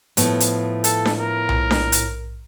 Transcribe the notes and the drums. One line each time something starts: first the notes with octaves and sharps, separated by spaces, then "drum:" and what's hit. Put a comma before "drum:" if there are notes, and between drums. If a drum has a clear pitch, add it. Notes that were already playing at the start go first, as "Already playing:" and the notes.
A2 F3 B3, drum: hi-hat
drum: hi-hat
A4, drum: hi-hat
drum: snare D4
A#4
drum: tom B1
drum: snare D4
drum: hi-hat